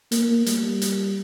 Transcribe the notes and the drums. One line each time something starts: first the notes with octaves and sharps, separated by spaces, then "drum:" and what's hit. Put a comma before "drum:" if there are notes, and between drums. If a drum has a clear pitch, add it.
A#3, drum: hi-hat
G3, drum: hi-hat
drum: hi-hat